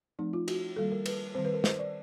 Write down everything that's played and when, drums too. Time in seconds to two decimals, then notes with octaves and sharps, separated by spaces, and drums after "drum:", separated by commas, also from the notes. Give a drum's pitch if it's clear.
0.19 F3 A3 C4 D#4
0.33 F4
0.48 F#4, drum: cymbal
0.76 D#3 G3 A#3 A4
0.92 A#4
1.06 B4, drum: cymbal
1.35 D#3 G3 C4 C5
1.45 B4
1.54 A#4
1.64 C5, drum: snare
1.79 D5